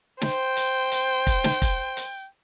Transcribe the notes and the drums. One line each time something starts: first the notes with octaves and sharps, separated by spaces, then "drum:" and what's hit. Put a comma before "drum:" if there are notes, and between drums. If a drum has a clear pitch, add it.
C5 G5, drum: snare
drum: hi-hat
drum: hi-hat
drum: kick, hi-hat
drum: snare
drum: kick, hi-hat
drum: hi-hat